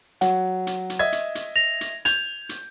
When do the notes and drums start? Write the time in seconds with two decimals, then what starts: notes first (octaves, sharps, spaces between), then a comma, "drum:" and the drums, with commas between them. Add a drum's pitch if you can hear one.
0.21 F#3 F#5, drum: hi-hat
0.67 drum: hi-hat
0.90 drum: hi-hat
0.99 D#5 E5 G#6
1.12 drum: hi-hat
1.35 drum: hi-hat
1.56 A#6 F7
1.81 drum: hi-hat
2.05 G6 G#6 F7, drum: hi-hat
2.49 drum: hi-hat